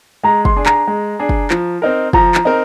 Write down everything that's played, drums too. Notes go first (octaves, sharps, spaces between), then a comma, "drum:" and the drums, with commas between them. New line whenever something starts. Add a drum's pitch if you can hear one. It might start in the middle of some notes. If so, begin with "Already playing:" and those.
G#3 A#5
C6, drum: kick
D4 G#4
A#5, drum: clap
G#3
D4 G#4
drum: kick
F3, drum: clap
C4 D#4 A#4
F3 A#5, drum: kick
drum: clap
C4 D#4 A#4